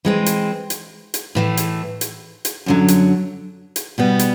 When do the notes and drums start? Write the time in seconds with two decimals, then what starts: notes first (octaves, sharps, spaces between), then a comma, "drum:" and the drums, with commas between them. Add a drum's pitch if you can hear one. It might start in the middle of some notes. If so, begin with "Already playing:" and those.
0.05 E3 G#3 C4
0.26 drum: hi-hat
0.70 drum: hi-hat
1.14 drum: hi-hat
1.35 A2 E3 A3
1.57 drum: hi-hat
2.01 drum: hi-hat
2.45 drum: hi-hat
2.66 F#2 D3 F#3
2.88 drum: hi-hat
3.76 drum: hi-hat
3.98 B2 G3 B3
4.19 drum: hi-hat